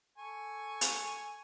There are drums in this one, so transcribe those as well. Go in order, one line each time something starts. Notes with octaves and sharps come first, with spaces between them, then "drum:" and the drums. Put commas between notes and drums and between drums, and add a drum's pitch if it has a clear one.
A4 G#5 C#6
drum: hi-hat